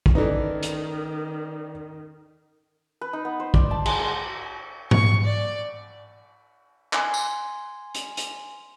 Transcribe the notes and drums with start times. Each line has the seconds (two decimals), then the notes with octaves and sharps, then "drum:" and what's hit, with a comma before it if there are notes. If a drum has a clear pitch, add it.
0.06 drum: kick
0.15 D#3 E3 C#4 D#4 A4 B4 D5
0.63 drum: hi-hat
3.01 B4
3.13 D#4
3.25 B3
3.40 C5
3.54 D5, drum: kick
3.71 A5
3.86 G#3, drum: cymbal
4.00 C5
4.91 C#6, drum: tom G#2
5.24 D5
6.93 G#5 C6, drum: clap
7.14 drum: tambourine
7.95 drum: hi-hat
8.17 drum: hi-hat